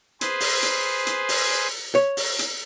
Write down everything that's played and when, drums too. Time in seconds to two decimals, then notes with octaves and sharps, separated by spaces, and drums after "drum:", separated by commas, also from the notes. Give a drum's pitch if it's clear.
0.21 G#4 B4 C5, drum: hi-hat
0.40 drum: open hi-hat
0.62 drum: hi-hat
1.07 drum: hi-hat
1.29 drum: open hi-hat
1.95 C#5
2.17 drum: open hi-hat
2.39 drum: hi-hat